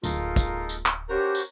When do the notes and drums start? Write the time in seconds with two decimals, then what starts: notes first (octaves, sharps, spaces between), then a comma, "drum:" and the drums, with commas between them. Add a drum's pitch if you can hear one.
0.04 D1 G#3 A#3 D#4 F4 A4 A#4, drum: tambourine
0.36 drum: kick, tambourine
0.69 drum: tambourine
0.86 drum: clap
1.10 C#4 F#4 G4 A#4 C5
1.35 drum: tambourine